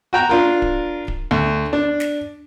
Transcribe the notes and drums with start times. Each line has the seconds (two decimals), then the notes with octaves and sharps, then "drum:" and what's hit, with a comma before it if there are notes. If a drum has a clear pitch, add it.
0.13 F#4 G5 A#5
0.29 D4 F4 A#4
0.62 drum: kick D1
1.08 drum: kick D1
1.31 D2
1.73 D4
2.00 drum: snare